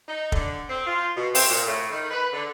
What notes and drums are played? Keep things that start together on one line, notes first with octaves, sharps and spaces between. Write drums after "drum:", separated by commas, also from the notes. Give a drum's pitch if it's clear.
D#4
D3, drum: kick
C4
F4
B2
C4, drum: open hi-hat
A#2
A2
D#3
B4
D3